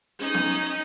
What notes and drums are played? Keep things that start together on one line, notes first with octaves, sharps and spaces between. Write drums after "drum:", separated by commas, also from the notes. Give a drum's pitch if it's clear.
C#4 D#4, drum: hi-hat
drum: snare B3
drum: hi-hat
drum: hi-hat